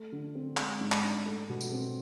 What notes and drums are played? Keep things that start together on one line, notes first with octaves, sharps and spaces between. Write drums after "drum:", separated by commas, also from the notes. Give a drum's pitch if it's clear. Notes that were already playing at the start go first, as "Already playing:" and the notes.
Already playing: A3
D3
C4
G#3, drum: clap
G#2
drum: clap
D4
A3
B2
drum: tambourine
C4